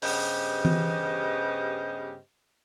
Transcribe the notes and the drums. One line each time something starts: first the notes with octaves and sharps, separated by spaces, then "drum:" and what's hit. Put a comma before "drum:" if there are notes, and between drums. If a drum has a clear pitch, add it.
G2 C#3 B3 G4 C5 D#5, drum: open hi-hat
drum: tom E3